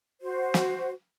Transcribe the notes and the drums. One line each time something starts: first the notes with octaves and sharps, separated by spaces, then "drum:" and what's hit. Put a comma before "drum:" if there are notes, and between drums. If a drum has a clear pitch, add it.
F#4 C5
drum: snare